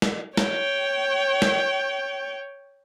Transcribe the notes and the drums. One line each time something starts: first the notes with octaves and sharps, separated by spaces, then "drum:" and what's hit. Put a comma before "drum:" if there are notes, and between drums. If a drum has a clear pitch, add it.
drum: snare
C#5 G5, drum: snare
drum: snare